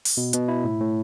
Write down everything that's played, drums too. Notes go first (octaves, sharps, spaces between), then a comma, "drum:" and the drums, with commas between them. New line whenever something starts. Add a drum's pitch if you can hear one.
drum: open hi-hat
B2
B2, drum: hi-hat
E4
A2
A2